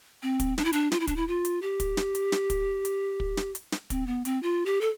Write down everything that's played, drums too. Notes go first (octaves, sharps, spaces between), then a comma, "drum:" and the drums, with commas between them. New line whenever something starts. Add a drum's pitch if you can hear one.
C4
drum: kick, hi-hat
D4, drum: snare
E4
D4, drum: hi-hat
F4, drum: snare
E4
D4, drum: kick, hi-hat
E4
F4
drum: hi-hat
G4
drum: kick, hi-hat
drum: snare
drum: hi-hat
drum: snare
drum: kick, hi-hat
drum: hi-hat
drum: kick
drum: snare
drum: hi-hat
drum: snare
C4, drum: kick, hi-hat
B3
C4, drum: hi-hat
F4
G4
A4